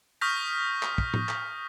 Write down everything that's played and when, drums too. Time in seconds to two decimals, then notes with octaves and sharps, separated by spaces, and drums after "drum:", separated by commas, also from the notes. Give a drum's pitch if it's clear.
0.21 C#6 D#6 F6 G6 A#6 B6
0.83 drum: clap
0.98 drum: kick
1.14 drum: tom A2
1.29 drum: clap